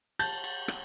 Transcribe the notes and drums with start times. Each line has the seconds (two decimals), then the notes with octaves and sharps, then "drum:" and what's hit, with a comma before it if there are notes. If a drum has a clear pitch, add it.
0.19 A5 G6 A6, drum: cymbal
0.44 drum: cymbal
0.68 drum: rim click